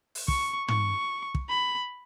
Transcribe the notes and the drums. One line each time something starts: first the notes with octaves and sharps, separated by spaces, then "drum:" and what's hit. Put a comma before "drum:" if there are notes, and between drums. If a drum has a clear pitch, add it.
drum: open hi-hat
C#6, drum: kick
C#6, drum: tom
drum: kick
B5